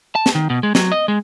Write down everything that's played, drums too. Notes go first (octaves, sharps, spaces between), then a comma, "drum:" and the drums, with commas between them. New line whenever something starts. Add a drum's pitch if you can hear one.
A5
drum: snare
D#3
B2
G#3
F#3, drum: snare
D#5
G#3